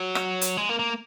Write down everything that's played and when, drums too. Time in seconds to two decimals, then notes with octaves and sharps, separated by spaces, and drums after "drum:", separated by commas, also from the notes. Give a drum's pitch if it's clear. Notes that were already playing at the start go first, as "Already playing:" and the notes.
Already playing: F#3
0.15 drum: rim click
0.41 drum: hi-hat
0.57 G#3
0.69 A#3
0.79 A#3